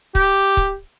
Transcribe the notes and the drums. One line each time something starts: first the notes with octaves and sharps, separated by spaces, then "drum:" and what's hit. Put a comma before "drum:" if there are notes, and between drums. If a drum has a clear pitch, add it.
G4, drum: kick C#1
drum: kick C#1